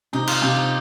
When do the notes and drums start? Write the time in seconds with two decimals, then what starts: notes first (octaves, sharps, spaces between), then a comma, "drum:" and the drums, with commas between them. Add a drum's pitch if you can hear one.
0.13 C3 D#4
0.27 F4, drum: cymbal
0.42 C3
0.56 D#4